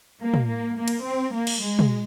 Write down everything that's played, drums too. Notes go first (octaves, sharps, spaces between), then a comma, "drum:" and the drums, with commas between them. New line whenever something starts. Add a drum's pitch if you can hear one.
A#3
drum: tom
A#3
A#3
drum: cymbal
C4
A#3
drum: cymbal
G#3
drum: tom